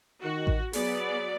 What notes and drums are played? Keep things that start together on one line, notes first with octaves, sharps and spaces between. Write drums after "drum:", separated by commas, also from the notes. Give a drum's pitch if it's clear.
D#3 F#4
drum: kick A1
F#3 B3 G#4 D5, drum: open hi-hat